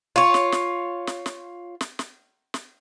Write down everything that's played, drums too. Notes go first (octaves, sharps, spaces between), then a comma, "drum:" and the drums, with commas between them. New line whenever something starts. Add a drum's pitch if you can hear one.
F4 C#5
drum: snare
drum: snare
drum: snare
drum: snare
drum: snare
drum: snare
drum: snare